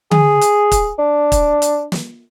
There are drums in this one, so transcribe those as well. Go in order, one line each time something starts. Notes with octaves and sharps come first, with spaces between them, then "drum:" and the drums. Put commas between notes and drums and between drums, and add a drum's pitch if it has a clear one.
G#4, drum: tom D3
drum: hi-hat
drum: kick, hi-hat
D4
drum: kick, hi-hat
drum: hi-hat
drum: snare